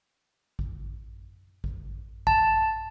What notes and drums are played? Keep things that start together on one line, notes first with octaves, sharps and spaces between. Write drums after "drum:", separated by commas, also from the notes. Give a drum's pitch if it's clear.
drum: kick A1
drum: kick A1
A5, drum: kick A1